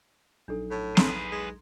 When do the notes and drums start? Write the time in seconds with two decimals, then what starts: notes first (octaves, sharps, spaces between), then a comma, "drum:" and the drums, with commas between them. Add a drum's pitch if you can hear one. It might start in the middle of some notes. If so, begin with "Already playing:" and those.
0.48 A#1 F#3 D4 D#4 A4
0.71 A2
0.97 G#4 B4 A#5 C6, drum: snare
1.31 G#3